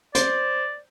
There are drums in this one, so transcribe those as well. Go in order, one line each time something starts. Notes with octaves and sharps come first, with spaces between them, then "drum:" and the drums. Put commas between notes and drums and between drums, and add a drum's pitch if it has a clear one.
C5 D5, drum: hi-hat